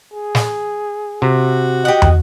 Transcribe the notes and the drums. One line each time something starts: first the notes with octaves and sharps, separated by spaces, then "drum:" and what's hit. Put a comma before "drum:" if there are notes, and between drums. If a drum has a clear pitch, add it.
G#4
drum: snare
C3 F#4
G4 D#5 F#5
drum: tom